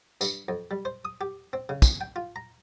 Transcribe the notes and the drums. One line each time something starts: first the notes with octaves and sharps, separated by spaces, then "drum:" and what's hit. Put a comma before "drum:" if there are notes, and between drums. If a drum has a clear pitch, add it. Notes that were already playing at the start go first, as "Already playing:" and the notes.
G2, drum: tambourine
F2
G3
C5
D#6
G4
C4
C#3
drum: kick, tambourine
G5
F4
A#5